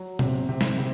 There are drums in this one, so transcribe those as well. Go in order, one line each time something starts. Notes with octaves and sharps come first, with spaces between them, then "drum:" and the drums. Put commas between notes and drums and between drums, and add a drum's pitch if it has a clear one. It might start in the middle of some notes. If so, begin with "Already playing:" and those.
Already playing: F#3
C3, drum: tom
C3
drum: snare
C3